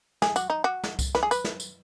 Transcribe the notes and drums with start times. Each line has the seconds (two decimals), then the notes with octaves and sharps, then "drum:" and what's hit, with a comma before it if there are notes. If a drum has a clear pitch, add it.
0.22 G#4, drum: snare
0.36 F#4, drum: tambourine
0.50 D#4
0.64 F#4
0.84 drum: snare
0.99 drum: kick C2, tambourine
1.15 B4, drum: snare
1.23 G#4
1.31 B4, drum: tambourine
1.45 drum: snare
1.60 drum: tambourine